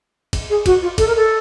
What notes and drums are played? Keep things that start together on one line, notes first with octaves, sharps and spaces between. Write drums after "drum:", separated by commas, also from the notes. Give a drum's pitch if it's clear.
drum: kick G#1, cymbal
G#4
F#4, drum: kick G#1, cymbal
F4
A4, drum: kick G#1, cymbal
A#4
A4